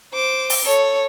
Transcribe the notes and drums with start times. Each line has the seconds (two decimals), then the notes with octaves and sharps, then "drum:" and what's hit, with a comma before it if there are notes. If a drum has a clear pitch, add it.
0.14 C5 D6
0.50 drum: open hi-hat
0.65 A4 C#5